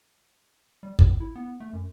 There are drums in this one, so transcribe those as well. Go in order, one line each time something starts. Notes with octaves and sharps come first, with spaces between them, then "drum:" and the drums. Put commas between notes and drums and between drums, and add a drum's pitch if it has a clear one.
G3
A2, drum: kick
E4
B3
A3
F#2